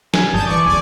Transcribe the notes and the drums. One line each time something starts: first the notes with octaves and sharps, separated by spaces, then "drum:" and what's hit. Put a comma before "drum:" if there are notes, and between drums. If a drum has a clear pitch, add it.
G#5, drum: snare
G1 G2 G3 A5 D#6 G6
D#3 E3 D5 C#6 D6
D1 B1 E2 D5 G#5